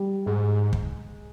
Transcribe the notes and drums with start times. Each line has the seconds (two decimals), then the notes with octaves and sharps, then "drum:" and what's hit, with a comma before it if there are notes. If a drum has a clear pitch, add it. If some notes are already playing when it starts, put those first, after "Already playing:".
Already playing: G3
0.26 G#2 G#3
0.73 drum: kick